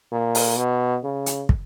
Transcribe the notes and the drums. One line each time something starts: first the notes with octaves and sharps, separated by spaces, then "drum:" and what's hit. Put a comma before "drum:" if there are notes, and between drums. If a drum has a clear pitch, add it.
A#2
drum: open hi-hat
B2
C#3
drum: hi-hat
drum: kick